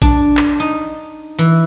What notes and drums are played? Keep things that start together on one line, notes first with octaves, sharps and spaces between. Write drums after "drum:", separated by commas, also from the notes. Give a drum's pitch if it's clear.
D4, drum: kick
drum: clap
D#4
E3